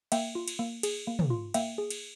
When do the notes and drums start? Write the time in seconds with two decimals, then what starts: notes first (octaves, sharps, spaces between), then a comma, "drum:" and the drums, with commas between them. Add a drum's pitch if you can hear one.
0.12 A#3 E5 G5, drum: cymbal
0.35 F4
0.48 drum: cymbal
0.59 A#3
0.83 G#4, drum: cymbal
1.07 A#3
1.19 drum: tom
1.30 F4
1.54 A#3 E5 G5, drum: cymbal
1.78 G#4
1.90 drum: cymbal